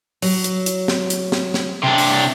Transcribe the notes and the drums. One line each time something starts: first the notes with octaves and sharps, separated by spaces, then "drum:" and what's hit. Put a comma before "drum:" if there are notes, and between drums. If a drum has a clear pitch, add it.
F#3, drum: open hi-hat
drum: hi-hat
drum: hi-hat
drum: snare
drum: hi-hat
drum: snare
drum: snare
C3 D4
drum: open hi-hat